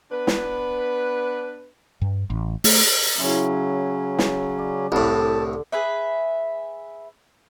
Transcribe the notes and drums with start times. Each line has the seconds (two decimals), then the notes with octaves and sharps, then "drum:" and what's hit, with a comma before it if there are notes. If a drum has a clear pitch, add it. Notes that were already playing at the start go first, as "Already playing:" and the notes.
0.11 B3 D4 B4
0.27 drum: snare
2.02 G2
2.30 A1
2.64 A3, drum: open hi-hat
3.18 C#3 F#3 C#4 E4 C6
4.19 drum: snare
4.58 D5
4.92 C2 A2 D3 A5
5.72 G#4 B4 E5